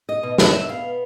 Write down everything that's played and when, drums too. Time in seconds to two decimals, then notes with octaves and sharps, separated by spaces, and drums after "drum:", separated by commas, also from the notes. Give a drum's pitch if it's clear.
0.09 D#5
0.23 B2
0.38 E5, drum: snare
0.69 B3 F5